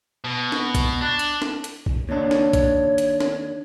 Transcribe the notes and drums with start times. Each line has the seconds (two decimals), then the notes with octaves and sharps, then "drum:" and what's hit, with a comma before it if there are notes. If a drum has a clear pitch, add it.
0.24 B2
0.52 drum: snare
0.75 drum: kick B1, hi-hat
1.01 D4
1.19 drum: hi-hat
1.42 drum: snare
1.64 drum: hi-hat
1.86 drum: kick B1
2.09 D#2 D4 C#5
2.31 drum: snare
2.53 drum: kick B1, hi-hat
2.98 drum: hi-hat
3.20 drum: snare